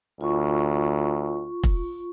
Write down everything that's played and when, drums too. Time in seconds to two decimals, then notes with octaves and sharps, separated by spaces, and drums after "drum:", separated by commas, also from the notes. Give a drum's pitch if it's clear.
0.21 D2 F4 C#6
1.64 drum: kick